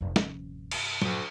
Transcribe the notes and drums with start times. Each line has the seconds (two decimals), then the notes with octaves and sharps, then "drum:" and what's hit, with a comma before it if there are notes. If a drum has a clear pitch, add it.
0.01 F1 G2
0.16 D#1 G2 C3 F3 C#4, drum: snare
0.71 drum: cymbal
1.02 D2 G2 A#2 F#3, drum: tom